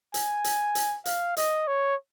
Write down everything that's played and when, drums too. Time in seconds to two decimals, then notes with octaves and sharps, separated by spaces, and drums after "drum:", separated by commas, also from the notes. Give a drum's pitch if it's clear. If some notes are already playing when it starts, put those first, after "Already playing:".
0.14 G#5, drum: hi-hat
0.44 drum: hi-hat
0.75 drum: hi-hat
1.05 F5, drum: hi-hat
1.37 D#5, drum: hi-hat
1.67 C#5